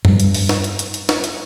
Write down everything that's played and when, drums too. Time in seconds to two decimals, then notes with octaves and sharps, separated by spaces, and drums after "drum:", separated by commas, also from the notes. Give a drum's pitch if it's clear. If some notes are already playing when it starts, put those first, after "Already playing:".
0.05 G2 G3, drum: tom F#2
0.20 drum: hi-hat
0.34 drum: open hi-hat
0.49 drum: snare
0.64 drum: hi-hat
0.79 drum: hi-hat
0.94 drum: hi-hat
1.09 drum: snare
1.24 drum: hi-hat